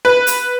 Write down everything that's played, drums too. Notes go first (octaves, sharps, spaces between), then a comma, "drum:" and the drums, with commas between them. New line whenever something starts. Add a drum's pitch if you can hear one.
B4
drum: hi-hat